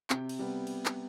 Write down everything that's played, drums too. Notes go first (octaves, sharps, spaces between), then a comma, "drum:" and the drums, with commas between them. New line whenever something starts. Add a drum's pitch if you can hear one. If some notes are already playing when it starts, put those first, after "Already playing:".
C3 G4 G5, drum: clap
drum: cymbal
G3 B3
drum: cymbal
drum: clap